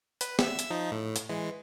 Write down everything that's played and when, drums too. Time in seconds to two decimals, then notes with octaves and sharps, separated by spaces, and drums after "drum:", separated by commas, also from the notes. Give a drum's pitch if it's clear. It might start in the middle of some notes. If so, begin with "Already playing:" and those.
0.21 B4, drum: hi-hat
0.39 E5 E6, drum: snare
0.59 drum: hi-hat
0.71 F3 D#4
0.92 A2
1.16 drum: hi-hat
1.29 E3 G#3